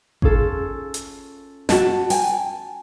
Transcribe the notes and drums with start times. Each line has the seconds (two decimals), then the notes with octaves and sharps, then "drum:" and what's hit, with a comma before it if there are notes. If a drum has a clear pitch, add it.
0.22 C#4 F4 A4, drum: kick G#1
0.94 drum: hi-hat
1.69 F#4 D#5 A5, drum: snare
2.10 G5 G#5, drum: open hi-hat